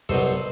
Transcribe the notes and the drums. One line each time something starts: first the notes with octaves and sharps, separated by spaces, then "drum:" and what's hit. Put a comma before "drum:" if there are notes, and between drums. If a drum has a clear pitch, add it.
C2 B2 F#3 A4 C5, drum: kick